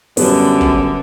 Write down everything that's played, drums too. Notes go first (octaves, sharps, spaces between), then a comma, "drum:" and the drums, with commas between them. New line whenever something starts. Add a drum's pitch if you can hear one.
F#2 D3 G3 B3, drum: open hi-hat
drum: kick